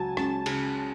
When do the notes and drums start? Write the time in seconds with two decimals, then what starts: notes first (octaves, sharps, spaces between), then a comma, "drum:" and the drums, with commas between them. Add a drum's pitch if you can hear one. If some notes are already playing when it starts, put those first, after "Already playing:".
Already playing: C#2 F#3 G#5 A5
0.17 C#2 A5, drum: rim click
0.46 C#3, drum: cymbal